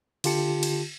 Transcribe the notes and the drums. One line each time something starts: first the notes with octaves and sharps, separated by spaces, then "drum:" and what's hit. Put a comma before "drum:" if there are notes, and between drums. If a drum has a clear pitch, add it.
D3 F4 G4 A5 C#7, drum: cymbal
drum: cymbal